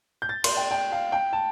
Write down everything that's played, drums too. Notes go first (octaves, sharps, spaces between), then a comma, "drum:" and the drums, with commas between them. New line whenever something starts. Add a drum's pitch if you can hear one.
G6
A6
C6, drum: cymbal
G5
G5
F5
G5
A5